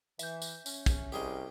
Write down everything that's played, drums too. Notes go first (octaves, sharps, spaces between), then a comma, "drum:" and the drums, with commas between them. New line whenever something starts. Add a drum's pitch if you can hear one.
E3 E5 G6, drum: tambourine
drum: tambourine
C#4, drum: tambourine
drum: kick, tambourine
C2 G4 G#4 D#5